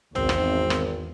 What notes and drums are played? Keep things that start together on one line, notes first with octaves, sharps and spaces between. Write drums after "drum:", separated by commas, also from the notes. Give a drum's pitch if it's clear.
G#1 E2 C4, drum: tom B1
drum: rim click
drum: rim click